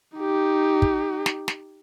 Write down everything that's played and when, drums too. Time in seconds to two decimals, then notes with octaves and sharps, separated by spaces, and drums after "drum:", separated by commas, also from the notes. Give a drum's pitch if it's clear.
0.17 D#4 G4
0.82 drum: kick
1.26 drum: snare
1.48 drum: snare